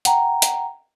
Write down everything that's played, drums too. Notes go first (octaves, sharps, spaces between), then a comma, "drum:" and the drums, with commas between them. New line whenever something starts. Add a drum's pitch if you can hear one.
F#5 G5 A#5, drum: hi-hat
drum: hi-hat